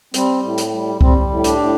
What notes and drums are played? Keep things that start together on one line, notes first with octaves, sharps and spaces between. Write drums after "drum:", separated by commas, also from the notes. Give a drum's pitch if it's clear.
G3 C4, drum: hi-hat
A2
drum: hi-hat
G3
G3 C4, drum: kick C2
A2
D4 G4, drum: hi-hat
A2